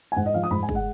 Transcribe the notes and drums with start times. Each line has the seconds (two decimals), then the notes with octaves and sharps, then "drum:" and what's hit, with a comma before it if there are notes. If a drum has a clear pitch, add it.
0.12 G#5
0.16 G#2 F#5
0.26 D#5
0.34 F3 F5
0.43 D#6
0.51 G#2 B5
0.63 G#5
0.69 G#3, drum: kick
0.75 F#5